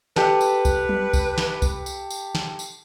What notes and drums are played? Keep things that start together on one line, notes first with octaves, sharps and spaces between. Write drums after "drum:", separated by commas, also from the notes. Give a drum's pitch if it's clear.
G4 A4 B4, drum: snare
drum: tambourine
drum: kick C2, tambourine
drum: tom F#3
drum: kick C2, tambourine
drum: snare
drum: kick C2, tambourine
drum: tambourine
drum: tambourine
drum: snare
drum: tambourine